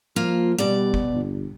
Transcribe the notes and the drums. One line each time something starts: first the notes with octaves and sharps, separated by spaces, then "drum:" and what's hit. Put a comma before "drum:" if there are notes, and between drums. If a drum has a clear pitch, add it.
F3 A#3 F4
B2 G3 D5
drum: kick G1
G1